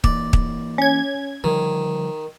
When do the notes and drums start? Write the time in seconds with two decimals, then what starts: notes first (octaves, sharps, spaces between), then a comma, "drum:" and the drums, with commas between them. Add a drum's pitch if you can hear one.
0.04 E3 A#3 D5, drum: kick
0.33 drum: kick
0.78 C#4 G#6
1.44 D3 D#3 F3 G3